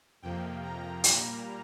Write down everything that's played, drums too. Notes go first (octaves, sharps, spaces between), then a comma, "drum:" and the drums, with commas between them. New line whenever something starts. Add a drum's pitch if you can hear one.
F2 C3 F3 A#3 G5
A#5
A#2 G3 A#3, drum: hi-hat